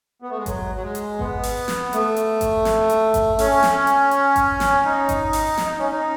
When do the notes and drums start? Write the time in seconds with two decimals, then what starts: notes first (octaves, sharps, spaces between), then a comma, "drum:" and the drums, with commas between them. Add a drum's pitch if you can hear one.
0.22 B3
0.30 A3
0.38 G#3
0.46 F#3, drum: kick G#1, hi-hat
0.75 F#3
0.83 G#3
0.95 drum: hi-hat
1.19 B3, drum: kick G#1
1.43 drum: open hi-hat
1.68 drum: snare
1.93 A3, drum: hi-hat
2.16 drum: hi-hat
2.41 drum: kick G#1, hi-hat
2.65 drum: snare
2.90 drum: hi-hat
3.14 drum: kick G#1, hi-hat
3.39 C#4, drum: open hi-hat
3.63 drum: snare
3.87 drum: hi-hat
4.11 drum: hi-hat
4.36 drum: kick G#1, hi-hat
4.60 drum: snare
4.85 D#4
5.09 drum: kick G#1, hi-hat
5.33 drum: open hi-hat
5.57 drum: snare
5.68 D#4
5.79 C#4
5.91 D#4